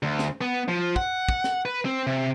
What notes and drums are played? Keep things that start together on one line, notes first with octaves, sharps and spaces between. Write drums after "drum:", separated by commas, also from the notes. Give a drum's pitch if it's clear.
D2
drum: snare
B3
F3
F#5, drum: kick
drum: kick
drum: snare
B4
C4
C3